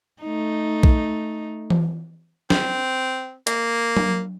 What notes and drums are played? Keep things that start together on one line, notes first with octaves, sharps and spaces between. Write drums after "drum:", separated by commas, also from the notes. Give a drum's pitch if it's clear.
A3 D#4
drum: kick
drum: tom E3
C4, drum: snare
A#3, drum: hi-hat
drum: tom F#3